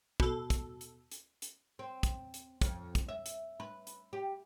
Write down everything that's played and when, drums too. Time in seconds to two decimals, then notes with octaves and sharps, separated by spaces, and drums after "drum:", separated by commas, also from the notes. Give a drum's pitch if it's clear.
0.20 B2 A4, drum: kick
0.50 drum: kick, hi-hat
0.81 drum: hi-hat
1.11 drum: hi-hat
1.42 drum: hi-hat
1.79 C4
2.03 drum: kick, hi-hat
2.34 drum: hi-hat
2.61 F2, drum: kick, hi-hat
2.95 drum: kick, hi-hat
3.08 E5
3.26 drum: hi-hat
3.60 B4
3.87 drum: hi-hat
4.13 G4